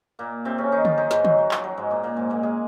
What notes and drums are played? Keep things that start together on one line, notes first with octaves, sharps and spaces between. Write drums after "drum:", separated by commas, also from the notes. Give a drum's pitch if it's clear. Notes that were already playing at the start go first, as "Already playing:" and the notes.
A#2 A#3
C3 C4
C#3 C#4
D#3 D#4
F3 F4, drum: tom D3
D#3 D#4
G#2 G#3, drum: snare
F#3, drum: tom D3
F#3
F3, drum: clap
F#3
G#2 G#3
A#2 A#3
A#2 A#3
G#2 G#3
A#2 A#3
G#3 G#4